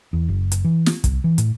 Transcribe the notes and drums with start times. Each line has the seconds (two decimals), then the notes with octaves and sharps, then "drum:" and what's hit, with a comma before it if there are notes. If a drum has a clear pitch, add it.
0.13 E2
0.29 F#1
0.52 drum: hi-hat
0.65 E3
0.86 drum: snare
1.04 C2, drum: kick, hi-hat
1.24 E3
1.38 A2, drum: hi-hat